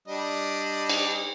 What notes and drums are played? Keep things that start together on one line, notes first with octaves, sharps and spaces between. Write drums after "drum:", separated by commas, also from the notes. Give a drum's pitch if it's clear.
G3 D4 D#5
drum: cymbal